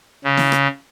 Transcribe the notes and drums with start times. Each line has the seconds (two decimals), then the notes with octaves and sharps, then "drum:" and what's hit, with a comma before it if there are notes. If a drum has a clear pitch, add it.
0.24 C#3
0.37 drum: snare
0.52 drum: rim click